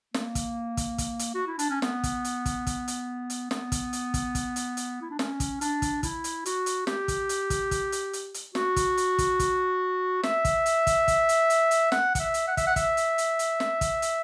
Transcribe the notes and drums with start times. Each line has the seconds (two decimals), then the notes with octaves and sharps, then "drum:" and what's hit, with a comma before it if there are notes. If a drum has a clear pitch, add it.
0.14 A#3, drum: snare
0.35 drum: kick, hi-hat
0.77 drum: kick, hi-hat
0.98 drum: kick, hi-hat
1.19 drum: hi-hat
1.35 F#4
1.47 E4
1.59 D4, drum: hi-hat
1.71 C#4
1.82 B3, drum: snare
2.03 drum: kick, hi-hat
2.25 drum: hi-hat
2.46 drum: kick, hi-hat
2.67 drum: kick, hi-hat
2.88 drum: hi-hat
3.30 drum: hi-hat
3.51 B3, drum: snare
3.72 drum: kick, hi-hat
3.93 drum: hi-hat
4.14 drum: kick, hi-hat
4.35 drum: kick, hi-hat
4.56 drum: hi-hat
4.77 drum: hi-hat
5.02 E4
5.11 D4
5.19 C#4, drum: snare
5.40 drum: kick, hi-hat
5.61 D4, drum: hi-hat
5.82 drum: kick, hi-hat
6.03 E4, drum: kick, hi-hat
6.24 drum: hi-hat
6.46 F#4, drum: hi-hat
6.66 drum: hi-hat
6.87 G4, drum: snare
7.08 drum: kick, hi-hat
7.29 drum: hi-hat
7.50 drum: kick, hi-hat
7.71 drum: kick, hi-hat
7.92 drum: hi-hat
8.13 drum: hi-hat
8.34 drum: hi-hat
8.55 F#4, drum: snare
8.76 drum: kick, hi-hat
8.97 drum: hi-hat
9.18 drum: kick, hi-hat
9.40 drum: kick, hi-hat
10.23 E5, drum: snare
10.45 drum: kick, hi-hat
10.66 drum: hi-hat
10.87 drum: kick, hi-hat
11.08 drum: kick, hi-hat
11.29 drum: hi-hat
11.50 drum: hi-hat
11.71 drum: hi-hat
11.92 F#5, drum: snare
12.15 F#5, drum: kick, hi-hat
12.20 E5
12.34 drum: hi-hat
12.48 F#5
12.57 E5, drum: kick, hi-hat
12.67 F#5
12.76 E5, drum: kick, hi-hat
12.97 drum: hi-hat
13.18 drum: hi-hat
13.39 drum: hi-hat
13.60 drum: snare
13.81 drum: kick, hi-hat
14.02 drum: hi-hat